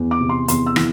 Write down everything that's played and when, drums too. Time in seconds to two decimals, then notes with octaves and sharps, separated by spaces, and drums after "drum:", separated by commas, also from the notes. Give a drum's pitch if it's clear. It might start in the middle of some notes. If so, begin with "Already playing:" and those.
Already playing: E2
0.11 D6
0.20 C3
0.29 C6
0.48 E2 C6, drum: hi-hat
0.66 E6
0.76 E3, drum: rim click